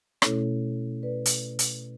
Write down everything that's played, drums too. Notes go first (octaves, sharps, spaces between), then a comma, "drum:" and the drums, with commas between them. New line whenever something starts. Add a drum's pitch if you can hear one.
B2 A3 C#4 E4 A4 C#5, drum: rim click
B4 D5
drum: hi-hat
drum: hi-hat